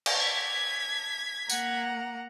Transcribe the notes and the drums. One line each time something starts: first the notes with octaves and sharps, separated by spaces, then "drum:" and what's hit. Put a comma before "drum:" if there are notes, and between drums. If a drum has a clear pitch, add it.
drum: cymbal
G#6 B6
A#3 F#5 A#5, drum: tambourine